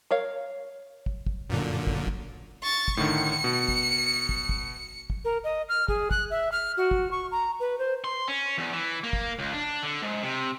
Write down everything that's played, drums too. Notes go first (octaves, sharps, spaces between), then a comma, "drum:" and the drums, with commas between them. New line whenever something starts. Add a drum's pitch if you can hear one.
A#4 C#5 F5
drum: kick
drum: kick
F#2 A#2 D3
drum: kick
drum: kick
C#6 A6
drum: kick
A2 D3 D#3 C#7
B2
drum: kick
drum: kick
drum: kick
drum: kick
A#4
D#5
F6
G#4, drum: kick
F#6, drum: kick
E5
F6
F#4
drum: kick
C#6
A#5
B4
C5
C6
C#4
E2
E3
A#3
drum: kick
C#2
D4
D3
G#2
C3